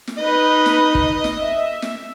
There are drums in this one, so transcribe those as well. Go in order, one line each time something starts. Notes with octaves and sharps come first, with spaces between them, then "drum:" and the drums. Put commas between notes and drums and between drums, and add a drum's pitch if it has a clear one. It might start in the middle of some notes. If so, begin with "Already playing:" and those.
drum: snare
D#4 B4 D#5
drum: snare
drum: kick
drum: snare
E5
drum: snare